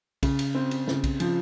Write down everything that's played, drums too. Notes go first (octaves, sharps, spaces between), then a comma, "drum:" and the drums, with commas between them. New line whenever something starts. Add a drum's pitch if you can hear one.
C#3, drum: kick, cymbal
drum: cymbal
C4
drum: cymbal
C#3, drum: snare
drum: kick, cymbal
F3, drum: cymbal